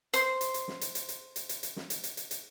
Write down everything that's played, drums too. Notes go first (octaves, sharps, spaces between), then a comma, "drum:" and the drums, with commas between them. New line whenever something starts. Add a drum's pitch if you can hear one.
C5 C6, drum: hi-hat
drum: hi-hat
drum: hi-hat
drum: snare
drum: hi-hat
drum: hi-hat
drum: hi-hat
drum: hi-hat
drum: hi-hat
drum: hi-hat
drum: snare
drum: hi-hat
drum: hi-hat
drum: hi-hat
drum: hi-hat